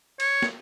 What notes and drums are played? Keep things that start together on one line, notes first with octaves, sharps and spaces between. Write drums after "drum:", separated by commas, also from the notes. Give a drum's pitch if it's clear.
C#5, drum: cymbal
drum: snare